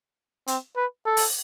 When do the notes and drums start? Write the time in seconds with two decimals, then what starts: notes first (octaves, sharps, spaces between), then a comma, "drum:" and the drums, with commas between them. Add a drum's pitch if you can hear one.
0.47 C4, drum: hi-hat
0.77 B4
1.06 A4
1.17 drum: open hi-hat